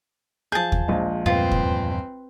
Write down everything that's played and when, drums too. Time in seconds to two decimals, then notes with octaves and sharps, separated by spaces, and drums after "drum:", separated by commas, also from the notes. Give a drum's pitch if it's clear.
0.52 F3 G#4 A5 G6
0.72 drum: kick
0.88 A#1 F3 G#3
1.26 E2 G2 A#2 C4 F4 B4
1.51 drum: kick